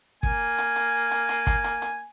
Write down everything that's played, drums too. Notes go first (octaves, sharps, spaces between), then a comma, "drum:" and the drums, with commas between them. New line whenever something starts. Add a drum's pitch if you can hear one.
A#3 G#5, drum: kick
drum: hi-hat
drum: hi-hat
drum: hi-hat
drum: hi-hat
drum: kick, hi-hat
drum: hi-hat
drum: hi-hat